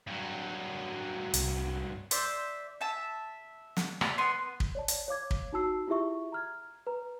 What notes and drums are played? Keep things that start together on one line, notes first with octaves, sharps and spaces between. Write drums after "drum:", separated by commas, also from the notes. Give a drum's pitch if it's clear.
G2 F#3
C2, drum: hi-hat
C5 D5 E5, drum: hi-hat
E5 A5
drum: snare
D5 E5 A#5, drum: rim click
B3 C6
drum: kick
C#5 D5 A5
drum: hi-hat
C#5 F5 D6 G#6
drum: kick
D#4 F#4 A5 E6 C7
E4 F4 G4 G#4 E5 C#6
A#5 F6 G#6
B4 A#5